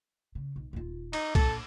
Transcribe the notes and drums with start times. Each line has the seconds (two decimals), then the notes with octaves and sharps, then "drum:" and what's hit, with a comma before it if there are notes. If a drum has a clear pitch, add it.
0.35 C#3
0.56 B1
0.73 D#1 F4
1.13 D#4, drum: cymbal
1.35 A#1 A4, drum: kick, cymbal